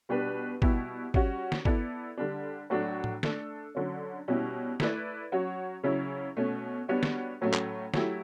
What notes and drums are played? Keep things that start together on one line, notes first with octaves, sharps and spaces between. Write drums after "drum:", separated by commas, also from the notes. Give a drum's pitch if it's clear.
B2 G3 D4 G4 B4
B2 G3 B3 E4 G4, drum: kick
G3 C#4 F#4, drum: kick
drum: snare
B3 E4 A4 D5, drum: kick
D3 G3 D4
A2 F#3 A3 D4 F#4
drum: tom A2
A3 D4 A4, drum: snare
D3 F#3 C#4
B2 G3 C#4 E4 G4
A3 E4 B4 D5, drum: snare
F#3 C#4 F#4 C#5
C#3 F#3 C#4 E4
B2 A3 C#4
G3 B3 D4 F#4 C#5
drum: snare
A2 F#3 A3 C#4
drum: clap
F#3 A3 E4 G4, drum: snare